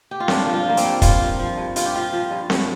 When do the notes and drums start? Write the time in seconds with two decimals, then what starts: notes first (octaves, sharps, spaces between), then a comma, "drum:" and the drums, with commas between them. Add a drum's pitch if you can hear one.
0.11 G4
0.20 F4
0.28 G2 D4, drum: snare C4
0.47 F3
0.53 F4
0.65 F3 A#3
0.77 C4, drum: hi-hat
0.84 G2
1.02 G2 F4, drum: kick, hi-hat
1.20 F3
1.39 F3
1.57 G2
1.76 G2 F4, drum: hi-hat
1.85 G4
1.95 F3 F4
2.13 F3
2.31 G2
2.50 G2, drum: snare C4